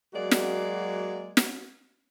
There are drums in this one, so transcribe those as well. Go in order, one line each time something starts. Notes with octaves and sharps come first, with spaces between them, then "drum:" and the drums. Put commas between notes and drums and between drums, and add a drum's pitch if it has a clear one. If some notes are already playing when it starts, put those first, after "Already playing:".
F#3 G#3 A#3 F#4 D5
drum: snare
drum: snare